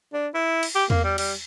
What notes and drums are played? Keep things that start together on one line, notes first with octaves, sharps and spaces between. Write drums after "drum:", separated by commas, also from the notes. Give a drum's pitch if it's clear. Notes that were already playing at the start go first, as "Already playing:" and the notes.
D4
E4
drum: cymbal
G4
A#3, drum: tom E2
G3
G3, drum: cymbal